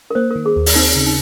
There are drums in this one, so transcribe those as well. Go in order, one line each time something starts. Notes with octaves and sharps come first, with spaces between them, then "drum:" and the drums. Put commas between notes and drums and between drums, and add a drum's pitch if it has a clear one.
A#4
A#3 C5
A#4
D#3
G#4
D#2
drum: open hi-hat
C4 D#4
C#3
D#4